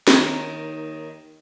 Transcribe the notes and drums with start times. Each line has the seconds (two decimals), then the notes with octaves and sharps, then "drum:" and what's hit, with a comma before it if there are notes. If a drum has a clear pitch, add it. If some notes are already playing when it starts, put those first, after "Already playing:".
0.07 D#2 D#3 A#4, drum: snare